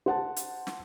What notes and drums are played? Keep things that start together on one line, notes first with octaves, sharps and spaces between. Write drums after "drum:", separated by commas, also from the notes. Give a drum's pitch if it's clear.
C5 F#5 A5
drum: hi-hat
drum: snare